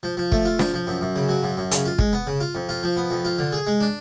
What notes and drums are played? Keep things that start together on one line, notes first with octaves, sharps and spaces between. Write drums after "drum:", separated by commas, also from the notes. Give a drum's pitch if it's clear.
F3
F3
A3, drum: kick
F4
F3, drum: snare
F3
F#2
F#2
C#3
F#3
F#2
F#2
C#3, drum: hi-hat
F4
G#3, drum: kick
B3
C#3
F4
F2
F4
F3
B3
F2
F4
D3
G#4
G#3
D4